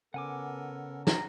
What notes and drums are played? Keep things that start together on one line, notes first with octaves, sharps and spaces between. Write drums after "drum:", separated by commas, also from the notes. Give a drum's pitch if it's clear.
C#3 B3 A4 A#4 F#5 G#5 D6
A#5, drum: snare